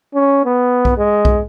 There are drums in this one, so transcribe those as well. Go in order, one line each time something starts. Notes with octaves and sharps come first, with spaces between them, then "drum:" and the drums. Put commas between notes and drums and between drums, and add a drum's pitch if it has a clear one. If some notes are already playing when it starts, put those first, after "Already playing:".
C#4
B3
drum: kick B1
G#3
drum: kick B1